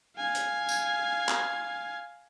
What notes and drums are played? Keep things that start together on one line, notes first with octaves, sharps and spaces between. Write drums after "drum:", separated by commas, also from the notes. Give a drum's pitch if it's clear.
F5 G#5
drum: hi-hat
drum: tambourine
drum: clap